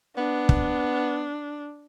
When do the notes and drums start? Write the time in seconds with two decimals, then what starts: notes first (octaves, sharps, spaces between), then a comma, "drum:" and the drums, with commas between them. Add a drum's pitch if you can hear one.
0.17 B3 D4
0.49 drum: kick